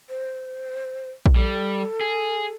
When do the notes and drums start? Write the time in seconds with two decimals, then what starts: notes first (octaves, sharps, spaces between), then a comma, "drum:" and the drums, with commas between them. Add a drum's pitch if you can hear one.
0.10 C5
1.26 drum: kick A#1
1.36 G3 A4
2.01 G#4